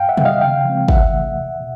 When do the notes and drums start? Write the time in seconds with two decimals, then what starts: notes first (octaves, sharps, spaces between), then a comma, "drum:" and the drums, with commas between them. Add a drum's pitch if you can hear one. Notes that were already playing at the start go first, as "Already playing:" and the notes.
Already playing: G2 F5 G5
0.09 E5 F#5
0.17 D#3 G3 B3, drum: tom B2
0.25 D#5 F5
0.41 C#3 F5 G5
0.65 F3 G#3 C4
0.88 F2 E5 F#5, drum: kick
1.13 C3 E3 A3
1.37 E2
1.60 B2